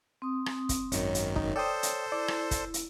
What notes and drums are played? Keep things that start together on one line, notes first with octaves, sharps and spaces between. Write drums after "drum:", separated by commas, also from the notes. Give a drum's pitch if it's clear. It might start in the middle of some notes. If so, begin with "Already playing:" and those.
C4 D#6
drum: rim click
drum: kick, hi-hat
G#1 F#2 D#3 C#5, drum: hi-hat
drum: hi-hat
D#4, drum: kick
A4 C5 D5 G5 D#6
drum: hi-hat
E4 D5
drum: rim click
drum: kick, hi-hat
drum: hi-hat